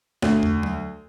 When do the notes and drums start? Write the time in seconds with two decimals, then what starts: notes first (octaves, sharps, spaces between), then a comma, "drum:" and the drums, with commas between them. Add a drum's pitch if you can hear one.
0.22 D2, drum: snare
0.43 drum: tom
0.63 drum: tom F#3